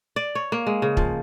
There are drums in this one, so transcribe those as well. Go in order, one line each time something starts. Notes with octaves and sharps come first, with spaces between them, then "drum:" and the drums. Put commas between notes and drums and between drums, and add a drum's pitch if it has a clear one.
D5
C#5
A#3
G#3
C#3
F3, drum: kick